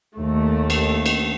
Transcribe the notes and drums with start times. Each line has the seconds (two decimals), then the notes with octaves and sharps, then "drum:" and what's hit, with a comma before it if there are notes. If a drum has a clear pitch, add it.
0.16 D#2 A3
0.70 drum: cymbal
1.06 drum: cymbal